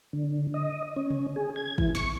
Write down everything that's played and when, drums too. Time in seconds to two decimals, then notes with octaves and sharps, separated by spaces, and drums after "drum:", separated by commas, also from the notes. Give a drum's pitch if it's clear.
0.13 D3
0.54 D#5
0.96 C#4
1.10 drum: tom C3
1.36 G#4
1.56 G#6
1.78 E3, drum: kick
1.95 C#6, drum: snare